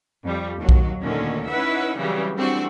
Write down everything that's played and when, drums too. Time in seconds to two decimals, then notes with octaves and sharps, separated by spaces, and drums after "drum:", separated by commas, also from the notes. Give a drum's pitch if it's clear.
0.23 F2 G3
0.58 D#2 F#3
0.69 drum: kick B1
1.01 D2 A#2 D3 D#3 C#4
1.49 C#4 D#4 E4 B4 E5 F#5
1.97 C#3 E3 F#3 G3 C4
2.35 E3 G3 A3 C4 D4 F#4